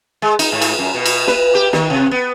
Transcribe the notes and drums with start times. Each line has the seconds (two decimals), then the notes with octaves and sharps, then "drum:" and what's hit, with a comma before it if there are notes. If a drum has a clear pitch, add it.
0.22 G#3
0.39 D#4, drum: cymbal
0.52 G#2
0.62 drum: cymbal
0.79 F#2
0.95 B2
1.05 drum: cymbal
1.27 B4, drum: snare
1.55 G4
1.73 D#3, drum: snare
1.90 C3
2.11 B3